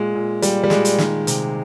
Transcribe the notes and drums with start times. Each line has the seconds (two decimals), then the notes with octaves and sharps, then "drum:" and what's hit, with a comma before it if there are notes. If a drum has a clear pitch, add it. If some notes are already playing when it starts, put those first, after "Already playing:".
Already playing: A#2 G#3
0.15 A#2
0.42 A#2 G3, drum: hi-hat
0.64 G3
0.70 A#2 G#3, drum: snare
0.85 drum: hi-hat
0.98 D#3, drum: snare
1.27 C3, drum: hi-hat